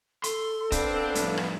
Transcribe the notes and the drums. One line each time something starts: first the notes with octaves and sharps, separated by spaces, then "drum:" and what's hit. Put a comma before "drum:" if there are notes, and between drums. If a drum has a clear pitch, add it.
A4 C6, drum: hi-hat
B3 C4 D4 B4 F5, drum: kick, hi-hat
F2 A2, drum: hi-hat
drum: rim click